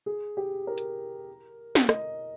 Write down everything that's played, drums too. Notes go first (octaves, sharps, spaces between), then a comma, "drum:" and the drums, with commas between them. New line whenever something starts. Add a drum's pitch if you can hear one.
G#4
G4
A#4
drum: hi-hat
drum: snare
D#5, drum: rim click